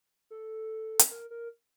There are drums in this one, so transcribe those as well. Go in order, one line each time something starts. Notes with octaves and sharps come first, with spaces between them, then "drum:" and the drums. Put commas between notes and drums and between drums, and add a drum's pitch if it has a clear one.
A4
drum: hi-hat
A#4
A#4